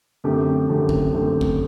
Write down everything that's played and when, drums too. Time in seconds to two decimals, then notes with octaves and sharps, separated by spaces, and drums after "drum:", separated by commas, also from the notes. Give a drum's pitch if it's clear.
0.24 F#2 D3 A3 C4 G4
0.69 F#2 D3 A3 C4 G4
0.89 drum: kick G1
1.13 F#2 D3 A3 C4 G4
1.41 drum: kick G1